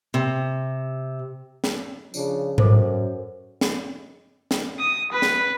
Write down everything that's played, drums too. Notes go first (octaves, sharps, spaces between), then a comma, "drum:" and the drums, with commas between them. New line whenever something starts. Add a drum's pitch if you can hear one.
C3
drum: snare
C#3 F3 D4, drum: tambourine
F#2 A4 C5 D6, drum: tom G#2
drum: snare
drum: snare
D#6
B4
drum: snare